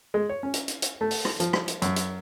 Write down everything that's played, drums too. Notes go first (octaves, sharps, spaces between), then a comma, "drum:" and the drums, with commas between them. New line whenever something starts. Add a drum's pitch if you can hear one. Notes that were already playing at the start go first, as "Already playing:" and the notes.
G#3
C#5
C#4
drum: hi-hat
drum: hi-hat
drum: hi-hat
A3
drum: open hi-hat
drum: rim click
F3, drum: hi-hat
drum: rim click
drum: hi-hat
F#2, drum: hi-hat
drum: hi-hat